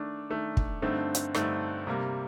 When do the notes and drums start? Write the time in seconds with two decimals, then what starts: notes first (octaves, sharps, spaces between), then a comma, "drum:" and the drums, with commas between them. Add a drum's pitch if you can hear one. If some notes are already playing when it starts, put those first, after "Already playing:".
Already playing: D#3 A3 D4
0.30 D#3 A3 D4
0.57 drum: kick
0.82 G2 D3 A3 C4 D#4
1.15 drum: hi-hat
1.34 G2 D3 A3 C4 D#4, drum: rim click
1.87 C3 G3 A#3